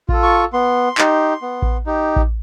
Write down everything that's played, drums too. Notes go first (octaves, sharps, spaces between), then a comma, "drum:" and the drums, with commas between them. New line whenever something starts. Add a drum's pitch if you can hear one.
F4 A4, drum: kick A1
C#6
B3 C6
D#4 G4, drum: clap
B3
drum: kick A1
D#4 G4
drum: kick A1